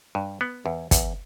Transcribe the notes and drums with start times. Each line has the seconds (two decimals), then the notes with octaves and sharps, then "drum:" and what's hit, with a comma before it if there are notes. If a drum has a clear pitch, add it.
0.15 G2
0.41 B3
0.66 E2
0.91 E2, drum: kick, hi-hat